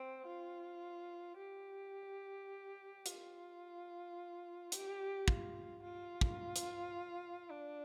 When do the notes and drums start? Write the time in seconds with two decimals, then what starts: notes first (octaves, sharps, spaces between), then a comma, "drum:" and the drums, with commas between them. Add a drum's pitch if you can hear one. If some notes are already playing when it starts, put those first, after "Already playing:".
Already playing: C4
0.27 F4
1.38 G4
3.06 F4, drum: hi-hat
4.72 G4, drum: hi-hat
5.28 F4, drum: kick
5.83 F4
6.21 drum: kick
6.56 drum: hi-hat
7.50 D4